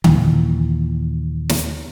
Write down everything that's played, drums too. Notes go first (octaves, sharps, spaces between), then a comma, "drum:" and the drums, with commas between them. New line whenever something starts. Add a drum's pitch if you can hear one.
D#2 A#2 E3, drum: tom D3
drum: snare